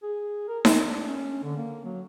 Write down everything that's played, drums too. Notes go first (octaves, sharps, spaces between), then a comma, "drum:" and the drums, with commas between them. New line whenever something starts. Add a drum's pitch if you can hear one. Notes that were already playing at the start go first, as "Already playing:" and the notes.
G#4
A#4
D4, drum: snare D#4
C#4
D3
A#3
F#3